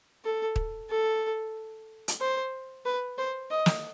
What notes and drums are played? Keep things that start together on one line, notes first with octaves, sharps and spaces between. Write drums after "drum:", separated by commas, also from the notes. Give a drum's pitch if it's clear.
A4
drum: kick
A4
drum: hi-hat
C5
B4
C5
D#5
drum: snare